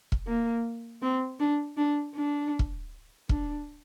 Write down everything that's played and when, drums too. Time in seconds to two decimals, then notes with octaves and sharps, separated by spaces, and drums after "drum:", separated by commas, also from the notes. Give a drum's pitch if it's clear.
0.12 drum: kick
0.27 A#3
1.02 C4
1.40 D4
1.77 D4
2.15 D4
2.59 drum: kick
3.29 D4, drum: kick